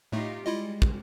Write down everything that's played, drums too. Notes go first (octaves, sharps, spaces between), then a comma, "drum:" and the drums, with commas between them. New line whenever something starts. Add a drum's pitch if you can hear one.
A2 A3 D#4 F4 G4
G3 G#3 E4 F4 D#5
drum: kick